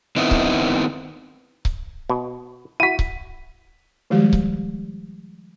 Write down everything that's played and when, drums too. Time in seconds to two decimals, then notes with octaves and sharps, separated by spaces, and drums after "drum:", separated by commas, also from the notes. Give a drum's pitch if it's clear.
0.16 D#3 B3 C4 D#4 E4
0.31 drum: kick C#1
1.65 drum: kick C#1
2.09 B2
2.80 E4 F#4 B6 D#7
2.99 drum: kick C#1
4.10 D#3 F3 G3 G#3 G4
4.33 drum: kick C#1